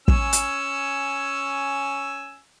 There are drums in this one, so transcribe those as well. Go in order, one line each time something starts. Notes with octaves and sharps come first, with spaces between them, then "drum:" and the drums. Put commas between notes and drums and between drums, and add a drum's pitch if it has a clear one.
C#4 G#5 E6, drum: kick
drum: hi-hat